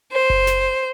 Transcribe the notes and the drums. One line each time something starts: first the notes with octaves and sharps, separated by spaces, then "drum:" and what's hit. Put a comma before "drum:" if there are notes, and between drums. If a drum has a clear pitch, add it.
C5
drum: kick F#1
drum: snare